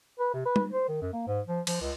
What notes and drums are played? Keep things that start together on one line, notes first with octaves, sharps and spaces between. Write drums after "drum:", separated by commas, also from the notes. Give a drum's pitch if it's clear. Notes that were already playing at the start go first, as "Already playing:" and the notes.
B4
C3
B4
drum: tom G3
C5
D#3
F#2
A#3
G#2
F3
F3, drum: cymbal
C#2